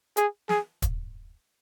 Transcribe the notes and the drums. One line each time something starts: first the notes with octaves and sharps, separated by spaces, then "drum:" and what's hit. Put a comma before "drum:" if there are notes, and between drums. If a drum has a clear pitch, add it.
G#4, drum: hi-hat
G#4, drum: snare
drum: kick, hi-hat